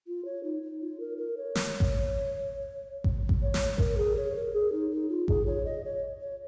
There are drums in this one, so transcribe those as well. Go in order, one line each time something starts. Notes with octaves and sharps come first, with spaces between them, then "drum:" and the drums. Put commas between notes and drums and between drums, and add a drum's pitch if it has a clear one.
F4
C#5
D#4
D#4
F4
A#4
A#4
C#5
drum: snare
drum: kick A1
drum: kick A1
drum: kick A1
C#5
drum: snare
A#4, drum: kick A1
G#4
C#5
A#4
G#4
D#4
D#4
F4
G#4, drum: kick A1
C#5
D#5
C#5
C#5